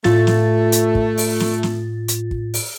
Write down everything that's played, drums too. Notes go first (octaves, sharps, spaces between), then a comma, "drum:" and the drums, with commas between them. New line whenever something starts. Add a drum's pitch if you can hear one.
A2 A3 F4 A6, drum: snare
drum: snare
drum: hi-hat
drum: kick
drum: open hi-hat
drum: snare
drum: snare
drum: hi-hat
drum: kick
drum: open hi-hat